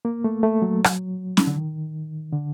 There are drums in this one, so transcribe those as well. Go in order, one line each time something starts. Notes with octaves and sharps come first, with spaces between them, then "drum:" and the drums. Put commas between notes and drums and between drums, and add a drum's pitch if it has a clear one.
A#3
A3
A3
F#3
drum: rim click
drum: snare C#4
D3
D#3
D3